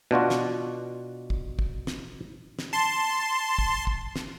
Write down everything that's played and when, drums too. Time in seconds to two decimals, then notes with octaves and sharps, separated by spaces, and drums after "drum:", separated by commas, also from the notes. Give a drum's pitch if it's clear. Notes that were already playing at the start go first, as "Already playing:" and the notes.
0.11 B2 D4 F4 F#4
0.30 drum: snare
1.30 drum: kick
1.59 drum: kick
1.87 drum: snare
2.59 drum: snare
2.73 A5 C6
3.58 drum: kick
3.87 drum: kick
4.16 drum: snare